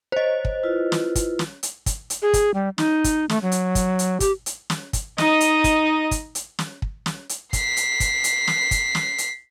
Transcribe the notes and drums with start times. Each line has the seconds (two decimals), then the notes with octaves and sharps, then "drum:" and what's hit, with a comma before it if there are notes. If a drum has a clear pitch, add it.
0.12 C5 C#5 D#5
0.45 drum: kick
0.63 E4 F4 B4
0.92 drum: snare
1.15 drum: kick, hi-hat
1.39 drum: snare
1.63 drum: hi-hat
1.86 drum: kick, hi-hat
2.10 drum: hi-hat
2.22 G#4
2.34 drum: kick, hi-hat
2.54 G3
2.78 D#4, drum: snare
3.04 drum: kick, hi-hat
3.29 A3, drum: snare
3.43 F#3
3.52 drum: hi-hat
3.75 drum: kick, hi-hat
3.99 drum: hi-hat
4.20 G4, drum: kick, hi-hat
4.46 drum: hi-hat
4.70 drum: snare
4.93 drum: kick, hi-hat
5.18 D#4 D#5, drum: snare
5.41 drum: hi-hat
5.64 drum: kick, hi-hat
6.11 drum: kick, hi-hat
6.35 drum: hi-hat
6.59 drum: snare
6.82 drum: kick
7.06 drum: snare
7.29 drum: hi-hat
7.53 B6 C7, drum: kick, hi-hat
7.77 drum: hi-hat
8.00 drum: kick, hi-hat
8.24 drum: hi-hat
8.47 drum: snare
8.71 drum: kick, hi-hat
8.95 drum: snare
9.18 drum: hi-hat